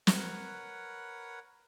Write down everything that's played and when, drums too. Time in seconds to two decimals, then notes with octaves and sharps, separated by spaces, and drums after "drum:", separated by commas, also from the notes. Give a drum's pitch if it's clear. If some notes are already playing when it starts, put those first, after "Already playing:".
0.07 A#4 B4 C#5 F#5, drum: snare